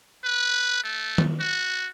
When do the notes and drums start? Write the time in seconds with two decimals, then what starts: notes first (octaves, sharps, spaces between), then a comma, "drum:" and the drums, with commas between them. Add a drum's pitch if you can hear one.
0.24 B4
0.83 A3
1.18 drum: tom D#3
1.40 F#4